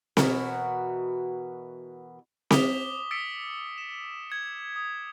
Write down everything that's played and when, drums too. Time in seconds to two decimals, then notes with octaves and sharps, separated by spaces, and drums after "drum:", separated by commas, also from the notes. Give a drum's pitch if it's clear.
0.17 B2 E3 F#4 A#4, drum: snare C4
2.51 D6 D#6 B6 F7 G7, drum: snare C4
3.11 E6 A6 B6 C#7 D7
3.78 E7
4.30 G#6 C#7
4.76 D#6